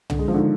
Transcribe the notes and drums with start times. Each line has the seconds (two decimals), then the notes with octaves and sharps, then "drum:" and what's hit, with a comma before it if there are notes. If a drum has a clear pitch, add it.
0.10 D3, drum: tom
0.19 G#3
0.28 F3
0.34 D3
0.38 D#3